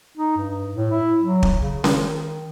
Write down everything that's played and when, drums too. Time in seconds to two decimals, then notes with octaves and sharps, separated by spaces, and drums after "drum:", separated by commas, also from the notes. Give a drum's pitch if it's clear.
0.17 D#4
0.37 G2
0.75 A2
0.91 E4
1.23 F#3
1.43 drum: kick
1.59 C#3
1.84 D#3, drum: snare C#4